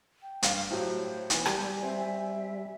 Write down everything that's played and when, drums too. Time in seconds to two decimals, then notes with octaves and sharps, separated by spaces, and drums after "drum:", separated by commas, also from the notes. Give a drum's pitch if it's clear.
0.22 G5
0.43 G2 F5, drum: hi-hat
0.71 A2 F#3 G4 C5
1.30 E3 B3 G#5, drum: hi-hat
1.46 G3 G4, drum: rim click
1.82 C4 E5